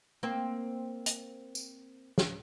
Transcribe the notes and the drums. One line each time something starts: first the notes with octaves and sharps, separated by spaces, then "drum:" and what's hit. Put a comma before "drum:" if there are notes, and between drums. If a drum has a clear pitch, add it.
A#3 C4
drum: hi-hat
drum: tambourine
drum: snare